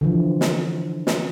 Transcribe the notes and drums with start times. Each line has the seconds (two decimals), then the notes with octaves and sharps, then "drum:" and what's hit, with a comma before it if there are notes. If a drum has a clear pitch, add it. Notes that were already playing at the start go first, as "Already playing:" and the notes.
0.01 D3 E3 F3
0.41 drum: snare
1.07 drum: snare